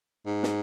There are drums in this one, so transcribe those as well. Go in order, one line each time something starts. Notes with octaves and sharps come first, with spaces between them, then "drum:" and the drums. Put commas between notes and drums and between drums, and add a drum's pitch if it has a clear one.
G#2
drum: snare